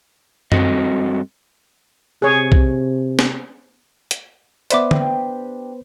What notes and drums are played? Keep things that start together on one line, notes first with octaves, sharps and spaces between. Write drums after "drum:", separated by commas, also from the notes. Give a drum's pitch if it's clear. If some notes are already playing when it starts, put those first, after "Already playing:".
G2 C4 F#4 A4 D#5, drum: tom F#2
C3 G#4 C#5
drum: kick
drum: snare
drum: hi-hat
B3 B4 C5 D5 E5 B5 D6, drum: hi-hat
D4 G4, drum: tom D3